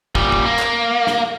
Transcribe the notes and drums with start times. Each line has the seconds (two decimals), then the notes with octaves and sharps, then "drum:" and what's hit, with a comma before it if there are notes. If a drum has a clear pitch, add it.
0.15 A#2 G3, drum: kick
0.32 drum: kick
0.45 A#3
0.59 drum: clap
1.07 drum: snare